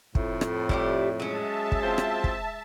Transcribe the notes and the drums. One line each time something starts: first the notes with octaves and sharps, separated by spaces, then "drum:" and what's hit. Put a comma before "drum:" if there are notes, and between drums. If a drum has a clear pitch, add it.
F2 A2, drum: kick
drum: rim click
G3 E4 G4, drum: kick
F#3 G#3 C#4 E5 A5
drum: kick
C4 F4 C5
drum: rim click
drum: kick